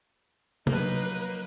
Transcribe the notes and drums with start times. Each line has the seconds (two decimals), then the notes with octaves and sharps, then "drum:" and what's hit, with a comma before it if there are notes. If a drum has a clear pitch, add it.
0.67 F3 F#3 A#3 D#4 B4, drum: tom C3